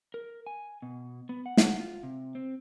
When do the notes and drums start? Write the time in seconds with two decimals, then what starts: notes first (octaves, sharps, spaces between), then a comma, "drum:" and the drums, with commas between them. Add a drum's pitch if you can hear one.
0.14 A#4
0.47 G#5
0.82 B2
1.29 B3
1.46 F#5
1.57 drum: snare
1.80 F4
2.03 C3
2.35 C4